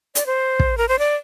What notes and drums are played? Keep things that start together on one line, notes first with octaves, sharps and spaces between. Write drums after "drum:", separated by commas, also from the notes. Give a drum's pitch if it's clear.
D5, drum: hi-hat
C5
drum: kick
A#4
C5
D5